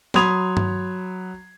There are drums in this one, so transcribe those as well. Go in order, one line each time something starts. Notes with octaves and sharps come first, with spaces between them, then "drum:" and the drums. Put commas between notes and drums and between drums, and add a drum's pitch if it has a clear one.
F#3 B5 C6 D#6 G#6 F7, drum: snare
drum: tom G2